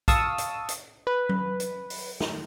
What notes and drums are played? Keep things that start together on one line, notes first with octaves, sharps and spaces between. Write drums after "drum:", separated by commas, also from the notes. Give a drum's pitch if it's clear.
F5 A5 C#6 D#6 E6, drum: kick A#1, hi-hat
drum: hi-hat
drum: hi-hat
B4
drum: tom F#3
drum: hi-hat
drum: open hi-hat
drum: snare